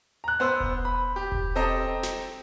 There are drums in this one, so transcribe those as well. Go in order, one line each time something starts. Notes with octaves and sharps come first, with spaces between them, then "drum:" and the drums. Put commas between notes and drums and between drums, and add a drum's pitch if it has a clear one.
A#5 F#6
B3 C5 E6
drum: kick E1
B5
G4
drum: kick E1
C4 G4 A4 D#5 A#5
drum: snare